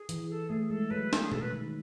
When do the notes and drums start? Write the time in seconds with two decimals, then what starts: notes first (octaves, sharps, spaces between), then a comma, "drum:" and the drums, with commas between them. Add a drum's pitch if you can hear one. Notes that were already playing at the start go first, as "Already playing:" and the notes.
Already playing: G#4
0.09 E3, drum: hi-hat
0.30 A4
0.49 A3 G#4
0.70 G#3 A4
0.91 F#3 B4
1.13 drum: snare
1.22 G#4
1.32 A4, drum: tom B2
1.42 B4
1.52 D#3